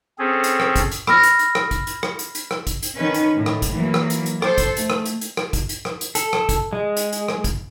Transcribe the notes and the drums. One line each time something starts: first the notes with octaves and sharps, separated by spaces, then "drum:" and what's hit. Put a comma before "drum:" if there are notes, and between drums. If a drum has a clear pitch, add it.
C4 C#4 G#4 A4
drum: hi-hat
drum: rim click
drum: kick, hi-hat
drum: hi-hat
B5 E6 F6 A#6, drum: rim click
drum: hi-hat
drum: hi-hat
drum: rim click
drum: kick, hi-hat
drum: hi-hat
drum: rim click
drum: hi-hat
drum: hi-hat
drum: rim click
drum: kick, hi-hat
drum: hi-hat
D#3 C#4 B4
drum: hi-hat
A2
drum: rim click
drum: kick, hi-hat
E3 F#3 A#3
drum: rim click
drum: hi-hat
drum: hi-hat
A4 C5, drum: rim click
drum: kick, hi-hat
A3, drum: hi-hat
drum: rim click
drum: hi-hat
drum: hi-hat
drum: rim click
drum: kick, hi-hat
drum: hi-hat
drum: rim click
drum: hi-hat
A4, drum: hi-hat
drum: rim click
drum: kick, hi-hat
G#3
drum: hi-hat
drum: hi-hat
drum: rim click
drum: kick, hi-hat